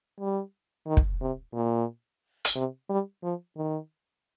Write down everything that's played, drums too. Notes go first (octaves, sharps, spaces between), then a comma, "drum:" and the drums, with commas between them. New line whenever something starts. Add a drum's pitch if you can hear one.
G3
D#3
drum: kick
C3
A#2
drum: hi-hat
C3
G3
F3
D#3